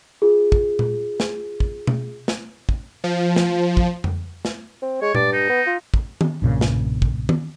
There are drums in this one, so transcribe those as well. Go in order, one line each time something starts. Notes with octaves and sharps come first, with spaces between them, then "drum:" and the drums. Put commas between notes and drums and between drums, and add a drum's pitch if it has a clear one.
F4 G#4
drum: kick
drum: tom A#2
drum: snare
drum: kick
drum: tom B2
drum: snare
drum: kick
F3
drum: snare
drum: kick
drum: tom F2
drum: snare
C4
G#3 C#5
G2 D5, drum: tom A#2
D#4
B3
F4
drum: kick
drum: tom D#3
B1 G2 A#2 C#3
drum: snare
drum: kick
drum: tom D#3